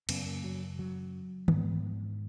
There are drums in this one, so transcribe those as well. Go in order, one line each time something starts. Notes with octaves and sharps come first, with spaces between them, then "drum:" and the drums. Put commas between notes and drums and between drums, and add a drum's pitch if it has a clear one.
F#2 C#3 B3, drum: cymbal
A#3
F#3
F#3
G#2 B3, drum: tom